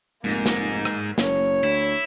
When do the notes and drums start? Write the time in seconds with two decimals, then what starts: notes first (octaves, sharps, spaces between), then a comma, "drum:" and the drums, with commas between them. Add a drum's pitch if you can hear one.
0.24 F1 G#2 A#3
0.46 drum: snare
0.85 drum: rim click
1.18 F#1 C#5, drum: snare
1.63 D2 E4